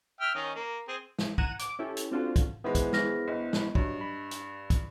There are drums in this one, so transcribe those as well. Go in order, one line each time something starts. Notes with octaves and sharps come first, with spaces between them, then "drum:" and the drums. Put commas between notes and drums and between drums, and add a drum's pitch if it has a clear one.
E5 G5 F6
D#3 C#4 D#4
A#3
C4 G#4
drum: snare
F#5 A#5 G#6 D#7 E7, drum: kick
D6, drum: hi-hat
C#4 E4 G4 A4
drum: hi-hat
C4 D4 F4 F#4 A4 C5
drum: kick, hi-hat
D#3 G#3 B3 E4 C5
drum: kick, hi-hat
G#4 F6 A#6, drum: snare
G1 D#5
drum: snare
G2 F#3, drum: kick
B5
drum: hi-hat
drum: kick, hi-hat